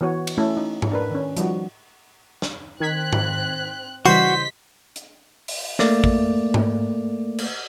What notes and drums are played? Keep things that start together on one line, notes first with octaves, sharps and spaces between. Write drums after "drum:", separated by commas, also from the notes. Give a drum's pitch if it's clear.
E3 B3 F#4 C#5
drum: cymbal
A3 C#4 E4 A4
D#4
drum: tom G#2
D4 A#4 B4
D#3 C#4
F3 G3 D#4 F#4, drum: hi-hat
drum: snare
D#3 C4 F#6 G#6 B6
drum: tom G#2
C#3 E3 G3 F#4 C5 D#5 C6 B6
drum: hi-hat
drum: open hi-hat
A3 A#3 D5, drum: snare
drum: kick
drum: tom G#2
drum: cymbal